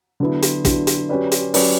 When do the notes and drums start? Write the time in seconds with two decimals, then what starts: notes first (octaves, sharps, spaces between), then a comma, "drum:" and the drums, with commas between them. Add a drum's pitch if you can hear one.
0.20 D3 F#3 B3 E4
0.42 drum: hi-hat
0.65 D3 F#3 B3 E4, drum: kick, hi-hat
0.87 drum: hi-hat
1.09 F#3 C#4 G4 B4 D5
1.32 drum: hi-hat
1.54 F#3 C#4 G4 B4 D5, drum: open hi-hat